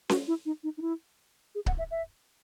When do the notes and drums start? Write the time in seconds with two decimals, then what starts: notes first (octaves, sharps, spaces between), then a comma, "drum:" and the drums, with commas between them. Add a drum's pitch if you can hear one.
0.09 F#4, drum: snare C#4
0.28 E4
0.46 D#4
0.63 D#4
0.77 D#4
0.82 E4
1.55 G#4
1.66 F#5, drum: kick C#1
1.78 E5
1.91 E5